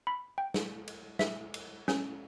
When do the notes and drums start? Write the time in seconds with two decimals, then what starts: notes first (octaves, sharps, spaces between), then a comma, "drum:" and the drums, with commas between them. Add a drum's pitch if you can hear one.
0.07 B5
0.38 G5
0.54 drum: snare
0.88 drum: cymbal
1.19 E5, drum: snare
1.54 drum: cymbal
1.88 C#4, drum: snare